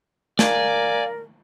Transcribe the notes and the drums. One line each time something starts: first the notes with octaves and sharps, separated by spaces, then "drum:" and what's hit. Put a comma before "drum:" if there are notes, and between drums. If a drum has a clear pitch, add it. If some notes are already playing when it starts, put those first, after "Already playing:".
A#4 D5 F5 G#5, drum: snare